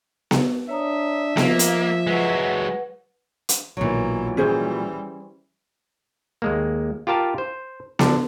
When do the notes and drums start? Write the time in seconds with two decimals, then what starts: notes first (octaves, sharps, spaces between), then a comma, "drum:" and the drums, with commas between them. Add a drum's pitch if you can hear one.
0.31 drum: snare B3
0.69 D4 C#5 E5 A#5 D#6
1.37 F3 A#3 D#5, drum: snare B3
1.59 drum: hi-hat
2.07 F#3 G#3 B4 F#5
3.49 drum: hi-hat
3.77 B1 A#2 E3 F#3
4.37 E3 G3 C#4 G#4 C5
6.42 D#2 G#3 A#3
7.07 F4 G4 A#4 F5 A5
7.38 C5
7.99 D3 F3 D4, drum: snare B3